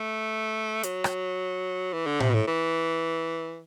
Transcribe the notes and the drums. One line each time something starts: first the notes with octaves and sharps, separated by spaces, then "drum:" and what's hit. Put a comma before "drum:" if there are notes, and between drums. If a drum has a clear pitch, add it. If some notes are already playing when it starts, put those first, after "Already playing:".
Already playing: A3
F#3, drum: hi-hat
drum: rim click
E3
D3
C3, drum: tom A2
B2
A2
E3